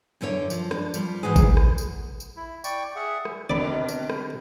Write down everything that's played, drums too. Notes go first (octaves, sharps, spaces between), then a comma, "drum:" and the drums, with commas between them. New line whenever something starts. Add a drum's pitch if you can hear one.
F#2 D3 E4 C#5
F3, drum: tambourine
D4, drum: rim click
F3 G3, drum: tambourine
G#2 E3 G#3 F#4 G#4
drum: kick A1, tambourine
drum: rim click
drum: tambourine
drum: tambourine
E4
D5 G5 C#6, drum: tambourine
G#4 E5 F#5
drum: rim click
G2 B2 D3 D#3 C4 A#4 D5 B5
drum: tambourine
drum: rim click